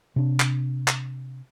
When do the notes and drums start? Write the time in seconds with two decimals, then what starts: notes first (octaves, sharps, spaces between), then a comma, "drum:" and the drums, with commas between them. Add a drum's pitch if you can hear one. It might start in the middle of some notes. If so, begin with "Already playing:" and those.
0.16 C3 D4
0.40 drum: clap
0.88 drum: clap